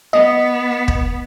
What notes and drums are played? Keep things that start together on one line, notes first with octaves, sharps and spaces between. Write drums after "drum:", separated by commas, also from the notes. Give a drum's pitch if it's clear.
B3 D#5
drum: kick